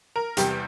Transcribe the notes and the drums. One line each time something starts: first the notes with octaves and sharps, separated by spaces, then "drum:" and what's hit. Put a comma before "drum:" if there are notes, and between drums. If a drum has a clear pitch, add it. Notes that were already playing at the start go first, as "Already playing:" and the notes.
A#4
E2 C3 G3 G4, drum: hi-hat